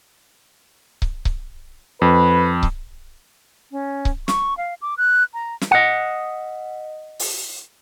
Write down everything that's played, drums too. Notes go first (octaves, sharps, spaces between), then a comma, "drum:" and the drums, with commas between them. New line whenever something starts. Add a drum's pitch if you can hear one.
drum: kick C#1
drum: kick C#1
F2 B4
drum: kick C#1
C#4
drum: kick C#1
C#6, drum: snare
F5
D6
F#6
A#5
drum: snare
D#5 F#5
drum: open hi-hat